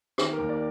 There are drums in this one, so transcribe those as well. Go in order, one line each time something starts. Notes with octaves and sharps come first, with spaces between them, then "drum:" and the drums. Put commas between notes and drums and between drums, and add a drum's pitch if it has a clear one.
D#3 G4, drum: rim click
A#4
D#2
D5